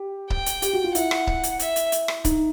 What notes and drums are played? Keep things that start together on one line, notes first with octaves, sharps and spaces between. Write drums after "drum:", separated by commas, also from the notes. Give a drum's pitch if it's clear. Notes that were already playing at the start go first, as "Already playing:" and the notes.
Already playing: G4
G5, drum: kick C#1
drum: hi-hat
G4, drum: hi-hat
F#4
F4
E4 F#5, drum: hi-hat
drum: rim click
drum: kick C#1
drum: hi-hat
E5, drum: hi-hat
drum: hi-hat
drum: hi-hat
drum: rim click
D#4, drum: kick C#1, hi-hat